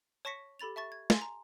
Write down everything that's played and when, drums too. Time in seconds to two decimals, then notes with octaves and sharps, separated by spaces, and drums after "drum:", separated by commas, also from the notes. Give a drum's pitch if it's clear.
0.25 C#5 A5 C#6 A#6 B6 C#7
0.59 G4 A4 B5 A6 F7
0.76 E5 A5 C#6 A6
0.92 G#6
1.10 G#5 A5 C6, drum: snare
1.22 A#5